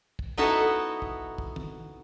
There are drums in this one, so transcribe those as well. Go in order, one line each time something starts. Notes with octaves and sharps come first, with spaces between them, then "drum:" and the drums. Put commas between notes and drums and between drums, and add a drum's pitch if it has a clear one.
drum: kick
B3 D#4 E4 F#4 A4 D#5
drum: kick
drum: kick
drum: tom